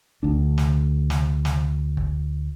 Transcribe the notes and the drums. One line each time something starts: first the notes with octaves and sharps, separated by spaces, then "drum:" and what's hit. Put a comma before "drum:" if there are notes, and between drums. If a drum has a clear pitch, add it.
D2 D4
drum: snare
drum: snare
drum: snare
drum: kick